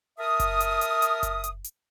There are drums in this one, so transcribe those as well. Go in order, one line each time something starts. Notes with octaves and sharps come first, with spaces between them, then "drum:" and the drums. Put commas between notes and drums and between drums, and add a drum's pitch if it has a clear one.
A#4 E5 A5 D#6
drum: kick F#1, hi-hat
drum: hi-hat
drum: hi-hat
drum: hi-hat
drum: kick F#1, hi-hat
drum: hi-hat
drum: hi-hat